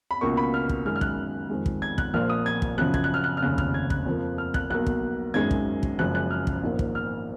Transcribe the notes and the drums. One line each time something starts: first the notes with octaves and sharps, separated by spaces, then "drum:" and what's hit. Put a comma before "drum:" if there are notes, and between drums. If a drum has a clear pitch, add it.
B5
C#2 B2 A#3 C#6
B5
F6
drum: kick
F#2 D#3 G#3 F6
F6
F#6, drum: kick
F2 D#3 G#3
drum: kick
G#6
F#6, drum: kick
A#1 A#2 F3 A#3 F6
D#6
G#6
drum: kick
F#2 C#3 F3 F#6
G#6, drum: kick
F#6
F6
F#6
F6
F1 D#2 C#3 F#6
F6, drum: kick
G#6
F#6, drum: kick
F2 F3 A#3
F6
F#6, drum: kick
B1 B2 A#3 F#6
drum: kick
G#1 F#2 D#3 G#3 G#6
drum: kick
drum: kick
F#1 F#2 F3 G#3 F#6
F#6
F6
drum: kick
A#1 G#2 D#3 A#3
drum: kick
F6